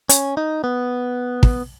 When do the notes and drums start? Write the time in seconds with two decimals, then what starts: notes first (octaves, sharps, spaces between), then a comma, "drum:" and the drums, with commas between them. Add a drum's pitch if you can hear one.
0.09 C#4, drum: hi-hat
0.37 D#4
0.64 B3
1.43 drum: kick